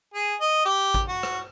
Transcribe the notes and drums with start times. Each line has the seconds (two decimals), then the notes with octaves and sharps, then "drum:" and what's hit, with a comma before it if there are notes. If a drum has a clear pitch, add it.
0.14 G#4
0.41 D#5
0.66 G4
0.94 drum: kick A1
1.08 F#4
1.23 drum: rim click